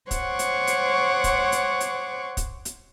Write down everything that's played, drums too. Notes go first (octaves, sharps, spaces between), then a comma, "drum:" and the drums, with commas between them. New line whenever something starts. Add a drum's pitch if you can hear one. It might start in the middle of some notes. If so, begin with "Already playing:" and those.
C5 C#5 F#5 C#6 D6, drum: kick, hi-hat
drum: hi-hat
drum: hi-hat
drum: kick, hi-hat
drum: hi-hat
drum: hi-hat
drum: kick, hi-hat
drum: hi-hat